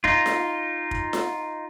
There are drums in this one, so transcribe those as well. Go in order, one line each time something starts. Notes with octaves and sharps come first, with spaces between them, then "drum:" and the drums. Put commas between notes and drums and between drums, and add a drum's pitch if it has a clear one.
D#4 F4, drum: kick
drum: snare F4
drum: kick
drum: snare F4